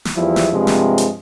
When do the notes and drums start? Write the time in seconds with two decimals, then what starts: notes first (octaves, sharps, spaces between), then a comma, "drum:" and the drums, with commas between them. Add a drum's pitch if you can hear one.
0.05 drum: snare
0.15 E2 F3 G3 E4
0.36 drum: snare
0.52 G2 C3 F3 G#3
0.67 drum: snare
0.98 drum: hi-hat